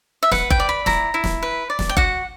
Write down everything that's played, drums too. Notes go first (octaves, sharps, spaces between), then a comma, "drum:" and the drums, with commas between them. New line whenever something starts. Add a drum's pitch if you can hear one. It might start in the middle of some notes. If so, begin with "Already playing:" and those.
E5
B4 F#5, drum: snare
G5, drum: kick F#1
D5
B5
E4 A#5, drum: snare
E4
drum: snare
B4
D5
drum: snare
G5
F#4 F#5, drum: kick F#1